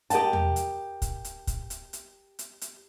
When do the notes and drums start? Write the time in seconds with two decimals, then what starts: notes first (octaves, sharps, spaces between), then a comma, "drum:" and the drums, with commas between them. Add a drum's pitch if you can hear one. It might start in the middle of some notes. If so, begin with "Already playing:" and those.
0.10 G4 A#4 D#5 F#5 A5, drum: hi-hat
0.33 drum: tom E2
0.56 drum: hi-hat
1.02 drum: kick, hi-hat
1.24 drum: hi-hat
1.47 drum: kick, hi-hat
1.70 drum: hi-hat
1.93 drum: hi-hat
2.39 drum: hi-hat
2.61 drum: hi-hat